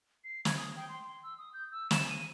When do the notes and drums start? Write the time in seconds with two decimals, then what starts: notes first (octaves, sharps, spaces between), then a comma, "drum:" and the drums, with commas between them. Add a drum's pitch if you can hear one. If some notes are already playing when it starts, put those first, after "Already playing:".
0.24 C7
0.45 G#6, drum: snare
0.57 D#6
0.76 G5
0.89 C6
1.05 C6
1.23 E6
1.38 D#6
1.54 G6
1.72 E6
1.91 E7, drum: snare
2.10 D#7